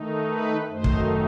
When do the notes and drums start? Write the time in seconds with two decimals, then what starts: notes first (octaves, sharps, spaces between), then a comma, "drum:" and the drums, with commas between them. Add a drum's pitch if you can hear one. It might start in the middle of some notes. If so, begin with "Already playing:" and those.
Already playing: D#3 A3 D#4
0.27 B4
0.69 F#2 D#3 A3 D#4 C5
0.84 drum: kick